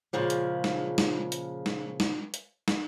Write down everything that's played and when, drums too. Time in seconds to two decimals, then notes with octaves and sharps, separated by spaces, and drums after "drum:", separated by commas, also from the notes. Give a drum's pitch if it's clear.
0.13 A#2 C#3 F3 G#3
0.30 drum: hi-hat
0.64 drum: snare
0.98 drum: snare
1.32 drum: hi-hat
1.66 drum: snare
2.00 drum: snare
2.34 drum: hi-hat
2.68 drum: snare